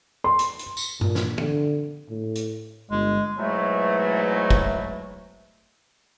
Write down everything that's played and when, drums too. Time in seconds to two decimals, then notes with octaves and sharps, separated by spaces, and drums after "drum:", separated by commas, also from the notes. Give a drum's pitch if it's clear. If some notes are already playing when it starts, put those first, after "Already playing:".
0.24 C6
0.39 drum: hi-hat
0.59 drum: hi-hat
0.77 drum: tambourine
1.01 A#2, drum: tom G2
1.15 drum: snare
1.38 D3, drum: tom
2.10 A2
2.35 drum: hi-hat
2.91 G1 G#3
3.38 G#2 B2 E3 F#3 G#3 A3
4.50 drum: kick